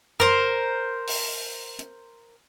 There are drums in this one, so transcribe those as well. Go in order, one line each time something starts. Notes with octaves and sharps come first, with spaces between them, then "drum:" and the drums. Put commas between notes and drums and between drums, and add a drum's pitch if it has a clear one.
A#4 C5, drum: tom F#2
drum: open hi-hat
drum: hi-hat